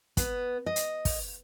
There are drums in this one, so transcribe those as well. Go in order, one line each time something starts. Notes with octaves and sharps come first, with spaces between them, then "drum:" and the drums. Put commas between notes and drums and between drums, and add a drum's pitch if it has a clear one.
B3, drum: kick, hi-hat
D#5
drum: hi-hat
drum: kick, open hi-hat